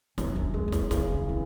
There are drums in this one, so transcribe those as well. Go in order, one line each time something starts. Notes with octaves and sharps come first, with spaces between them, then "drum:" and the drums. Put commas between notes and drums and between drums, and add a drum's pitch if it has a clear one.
F#2 C#4, drum: snare
D4
G#3 C#4
C#4
D4, drum: snare
C#3 C#4, drum: snare
D4
C#4
E3 C4